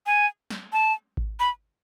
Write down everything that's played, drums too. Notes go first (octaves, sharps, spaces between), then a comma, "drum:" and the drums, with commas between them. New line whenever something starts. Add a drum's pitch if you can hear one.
G#5
drum: snare
A5
drum: kick G#1
B5